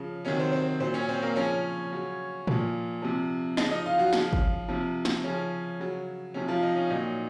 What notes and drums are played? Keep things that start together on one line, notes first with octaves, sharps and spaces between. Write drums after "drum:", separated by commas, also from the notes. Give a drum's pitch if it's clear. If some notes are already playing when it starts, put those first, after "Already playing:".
Already playing: C#3 F3
C3 D#3 F#3 C#4 C#5
C4 C5
C4 C5
A#2 F#3 C4 C5
C#4 C#5
C4 C5
A#3 A#4
C#3 F3 C#4 C#5
C#3 F#3
A#2 F3, drum: tom A2
C3 F3
C#3 F3 D#4 D#5, drum: snare
D#4 D#5
F4 F5
F#3 F#4
C#3 F3 F4, drum: snare
drum: kick
C3 F3
drum: snare
C#3 F3 C#4
C#3 F#3
C3 F3 C#4
F3 F4
D#4
C#4
A#2 F#3 D#4